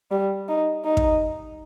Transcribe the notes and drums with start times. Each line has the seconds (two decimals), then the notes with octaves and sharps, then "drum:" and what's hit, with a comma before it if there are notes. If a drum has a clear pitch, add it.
0.11 G3
0.49 D#4
0.85 D#4
0.97 drum: kick